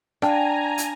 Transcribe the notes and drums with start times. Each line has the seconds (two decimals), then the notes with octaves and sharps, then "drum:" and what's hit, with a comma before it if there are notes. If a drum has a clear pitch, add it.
0.22 D4 F5 G5 G#5 A#5, drum: rim click
0.78 drum: hi-hat